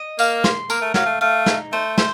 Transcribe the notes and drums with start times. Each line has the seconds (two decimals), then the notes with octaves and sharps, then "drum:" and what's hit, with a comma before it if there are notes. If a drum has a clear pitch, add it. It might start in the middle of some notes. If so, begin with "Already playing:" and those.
Already playing: D#5
0.19 A#3 F5, drum: tambourine
0.44 C6, drum: snare
0.70 A#3 A#4, drum: tambourine
0.82 A3
0.94 F#3 F5, drum: snare
1.06 A3
1.21 A3 F5
1.46 D#4, drum: snare
1.72 A3 C5
1.98 C5, drum: snare